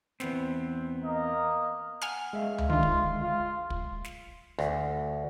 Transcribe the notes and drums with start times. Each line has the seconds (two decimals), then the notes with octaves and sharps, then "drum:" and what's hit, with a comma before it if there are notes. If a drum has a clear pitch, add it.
0.20 E2 B3 C4, drum: snare
1.04 A#3 A#4 D#5
2.02 F#5 G#5 F6, drum: snare
2.33 G#3 E5 F5
2.58 drum: tom C#2
2.70 D3 D#3 F4
2.83 drum: kick
3.22 F4
3.70 drum: kick
4.04 drum: snare
4.59 D2, drum: rim click